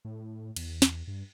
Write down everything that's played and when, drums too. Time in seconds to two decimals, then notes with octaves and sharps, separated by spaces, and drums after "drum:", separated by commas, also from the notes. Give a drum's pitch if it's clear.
0.05 A2
0.56 E2, drum: cymbal
0.82 drum: snare
1.08 G2